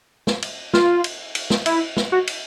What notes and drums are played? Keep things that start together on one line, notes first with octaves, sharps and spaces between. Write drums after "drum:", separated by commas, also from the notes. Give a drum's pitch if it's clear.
drum: snare
drum: cymbal
F4, drum: snare
drum: cymbal
drum: cymbal
drum: snare
E4, drum: cymbal
drum: snare
F#4
drum: cymbal